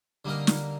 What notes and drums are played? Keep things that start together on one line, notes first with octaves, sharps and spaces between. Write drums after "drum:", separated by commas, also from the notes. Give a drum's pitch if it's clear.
D3 G3 A#3 D#4 A#4
drum: snare